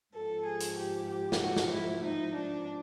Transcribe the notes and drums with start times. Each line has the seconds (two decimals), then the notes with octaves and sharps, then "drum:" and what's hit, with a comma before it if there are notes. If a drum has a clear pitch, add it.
0.15 G#2 F3 A4
0.47 G#4
0.60 drum: hi-hat
0.78 G4
1.10 G4
1.32 drum: snare
1.41 F#4
1.56 drum: snare
1.73 E4
2.05 D#4
2.36 D4